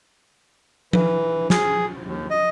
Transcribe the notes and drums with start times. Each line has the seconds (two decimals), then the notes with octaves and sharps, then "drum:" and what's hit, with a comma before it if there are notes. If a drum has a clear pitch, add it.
0.93 E3, drum: tom F3
1.50 G#4, drum: snare
2.06 D#2
2.30 D#5